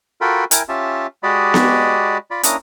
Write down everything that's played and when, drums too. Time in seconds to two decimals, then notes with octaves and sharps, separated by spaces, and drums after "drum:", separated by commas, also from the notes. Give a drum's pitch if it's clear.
0.21 F4 F#4 A4 A#4 G5 B5
0.51 E4 A#4 G5 G#5, drum: hi-hat
0.69 C#4 F4 G4 E5 A5
1.23 G#3 F#4 G4 D5 D#5 B5
1.54 drum: snare B3
2.31 F4 D5 B5
2.43 A#3 C#4 D4 E4 A#5 D#6, drum: hi-hat